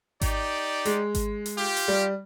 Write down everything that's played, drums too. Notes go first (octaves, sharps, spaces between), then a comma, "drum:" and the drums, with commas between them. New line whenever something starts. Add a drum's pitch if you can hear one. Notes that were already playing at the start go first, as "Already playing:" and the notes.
D#4 G4 D5, drum: kick G#1, hi-hat
G#3, drum: hi-hat
drum: kick G#1, hi-hat
drum: hi-hat
F4 G4
drum: hi-hat
G3